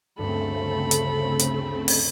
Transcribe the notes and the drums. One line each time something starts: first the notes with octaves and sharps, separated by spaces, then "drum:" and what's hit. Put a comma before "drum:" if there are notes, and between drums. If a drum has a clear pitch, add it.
D2 G2 C#3 A3 C4 A4 B5
drum: hi-hat
drum: hi-hat
drum: open hi-hat